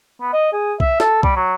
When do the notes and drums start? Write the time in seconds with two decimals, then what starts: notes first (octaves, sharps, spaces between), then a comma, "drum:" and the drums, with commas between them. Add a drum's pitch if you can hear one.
0.21 B3
0.33 D#5
0.52 G#4
0.80 E5, drum: kick C2
1.00 A4, drum: snare
1.23 G3, drum: kick C2
1.36 F#3